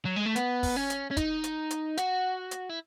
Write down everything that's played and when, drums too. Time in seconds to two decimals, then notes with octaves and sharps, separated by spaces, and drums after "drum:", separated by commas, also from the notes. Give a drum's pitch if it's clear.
0.05 F#3
0.16 G#3
0.26 A3
0.36 B3, drum: hi-hat
0.63 drum: kick, open hi-hat
0.76 C#4
0.90 drum: hi-hat
1.11 C#4
1.17 D#4, drum: kick, hi-hat
1.44 drum: hi-hat
1.70 drum: hi-hat
1.97 F#4, drum: hi-hat
2.51 drum: hi-hat
2.69 E4